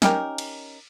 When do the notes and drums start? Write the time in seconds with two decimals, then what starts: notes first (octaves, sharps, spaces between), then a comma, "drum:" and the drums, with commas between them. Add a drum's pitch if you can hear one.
0.02 C#4 D#4 G4 A#4, drum: snare
0.38 drum: cymbal